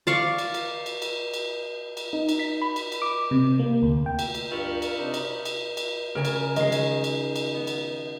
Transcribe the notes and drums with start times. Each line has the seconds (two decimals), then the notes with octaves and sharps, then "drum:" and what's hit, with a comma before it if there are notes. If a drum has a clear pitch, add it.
0.07 D5 F5 C#6
0.38 drum: cymbal
0.54 drum: cymbal
0.86 drum: cymbal
1.02 drum: cymbal
1.34 drum: cymbal
1.97 drum: cymbal
2.13 D#4
2.29 drum: cymbal
2.39 B6
2.62 B5
2.76 drum: cymbal
2.92 drum: cymbal
3.02 D6
3.31 C3
3.59 A#3
3.82 D2
4.06 G5
4.19 drum: cymbal
4.35 drum: cymbal
4.52 G2 F4 A#4 B5 C#6 E6
4.82 drum: cymbal
4.98 C3 D4 D#4
5.14 drum: cymbal
5.45 drum: cymbal
5.77 drum: cymbal
6.15 C#3 A#4 G#5
6.25 drum: cymbal
6.56 D#3 G#3 D#5 C7, drum: cymbal
6.72 drum: cymbal
7.04 drum: cymbal
7.36 drum: cymbal
7.54 B3
7.67 drum: cymbal